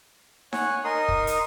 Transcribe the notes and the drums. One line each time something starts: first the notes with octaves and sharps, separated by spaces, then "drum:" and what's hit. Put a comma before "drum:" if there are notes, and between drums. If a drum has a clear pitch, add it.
C#5 F#5 G#5, drum: snare D#4
D#4 A#4 C6 D#6
drum: kick
drum: hi-hat